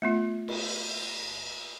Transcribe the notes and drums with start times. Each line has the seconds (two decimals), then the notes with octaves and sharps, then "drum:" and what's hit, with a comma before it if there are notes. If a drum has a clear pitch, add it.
0.02 A3 B3 F4
0.48 drum: cymbal